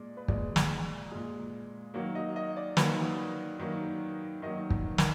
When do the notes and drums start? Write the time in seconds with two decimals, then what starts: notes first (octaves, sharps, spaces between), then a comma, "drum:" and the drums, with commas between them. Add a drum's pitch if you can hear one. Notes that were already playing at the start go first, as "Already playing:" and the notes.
Already playing: A#2 G#3 D5
0.17 B4
0.28 A#2 G#3 D5, drum: kick
0.56 drum: snare
1.11 A#2 G#3
1.94 D#3 F#3 A#3
2.15 D#5
2.36 D#5
2.57 D5
2.77 D#3 F#3 A#3 B4, drum: snare
3.59 D#3 F#3 A#3
4.42 D#3 F#3 A#3 D#5
4.70 drum: kick
4.98 A#4, drum: snare